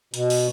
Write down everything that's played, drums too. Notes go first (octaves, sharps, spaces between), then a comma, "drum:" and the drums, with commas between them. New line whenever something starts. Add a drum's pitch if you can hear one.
B2, drum: hi-hat
drum: open hi-hat